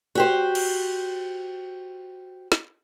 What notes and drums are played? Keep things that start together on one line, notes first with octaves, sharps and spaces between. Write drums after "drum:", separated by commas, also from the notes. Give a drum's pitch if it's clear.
F#4 G4 C5
drum: cymbal
drum: snare